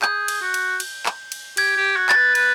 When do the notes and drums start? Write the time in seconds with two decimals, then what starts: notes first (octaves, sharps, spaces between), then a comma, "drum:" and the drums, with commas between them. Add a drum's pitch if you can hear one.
0.02 G#4 G6, drum: clap
0.28 drum: cymbal
0.42 F#4
0.54 drum: cymbal
0.80 drum: cymbal
1.06 drum: clap
1.32 drum: cymbal
1.57 G4 G#6, drum: cymbal
1.77 G4
1.96 F#4
2.09 A6, drum: clap
2.16 B4
2.35 B4, drum: cymbal